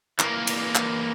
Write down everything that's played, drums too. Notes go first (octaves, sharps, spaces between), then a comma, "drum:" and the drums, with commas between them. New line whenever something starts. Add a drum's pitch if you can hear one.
E3 A#3, drum: clap
drum: cymbal
drum: clap